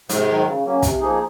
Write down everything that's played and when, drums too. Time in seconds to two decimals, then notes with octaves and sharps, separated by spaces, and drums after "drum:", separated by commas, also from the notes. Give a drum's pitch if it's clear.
0.09 G#2 C3, drum: hi-hat
0.29 D#3 F#3
0.46 C#3
0.65 F#3 A#3 C#4
0.82 C3, drum: kick, hi-hat
1.01 F3 A#3 D#4 G#4